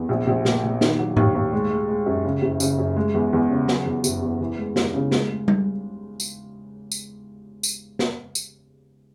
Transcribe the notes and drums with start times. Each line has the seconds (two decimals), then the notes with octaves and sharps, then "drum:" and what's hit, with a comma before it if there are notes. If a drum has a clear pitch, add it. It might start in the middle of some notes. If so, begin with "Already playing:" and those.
Already playing: E2
0.09 A#1
0.27 A#1
0.45 A#2, drum: snare
0.63 A#2
0.81 D#3, drum: snare
0.99 F#3
1.17 D#2, drum: tom G#2
1.35 D#2
1.53 G#3
1.70 G#3
1.89 G#3
2.06 F#2
2.25 C#3
2.42 F#1
2.60 C#3, drum: tambourine
2.79 F#2
2.96 G#3
3.14 E2
3.33 E2
3.50 C#3
3.68 F#3, drum: snare
3.86 E2
4.04 F#1, drum: tambourine
4.22 E2
4.41 E3
4.58 G#3
4.76 D#2, drum: snare
4.94 C#3
5.11 G#3, drum: snare
5.30 G#3
5.48 drum: tom G3
6.20 drum: tambourine
6.92 drum: tambourine
7.63 drum: tambourine
7.99 drum: snare
8.35 drum: tambourine